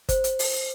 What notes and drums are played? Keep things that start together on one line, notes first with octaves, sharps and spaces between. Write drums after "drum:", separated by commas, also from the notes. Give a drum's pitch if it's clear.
C5, drum: kick G1, hi-hat
drum: hi-hat
drum: open hi-hat